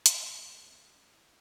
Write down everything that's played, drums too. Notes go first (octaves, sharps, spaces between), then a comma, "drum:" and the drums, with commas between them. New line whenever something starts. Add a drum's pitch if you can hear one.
drum: hi-hat
C#2 B2 A3
C#4
E4